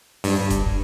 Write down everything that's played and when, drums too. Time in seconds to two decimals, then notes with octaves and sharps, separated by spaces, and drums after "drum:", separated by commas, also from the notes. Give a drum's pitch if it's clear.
0.24 G2, drum: open hi-hat
0.50 drum: kick F1, hi-hat